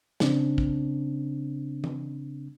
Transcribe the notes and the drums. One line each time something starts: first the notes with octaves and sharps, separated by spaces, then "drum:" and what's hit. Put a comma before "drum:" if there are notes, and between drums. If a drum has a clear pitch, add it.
C#3 C4 D4, drum: snare
drum: kick
drum: tom